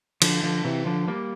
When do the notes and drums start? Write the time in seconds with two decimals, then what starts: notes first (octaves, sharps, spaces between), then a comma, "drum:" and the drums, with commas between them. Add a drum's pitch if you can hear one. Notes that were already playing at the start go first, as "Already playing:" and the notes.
0.22 D3 F3, drum: cymbal
0.43 D3 F3
0.65 C3 E3
0.86 D3 F3
1.08 G3 A#3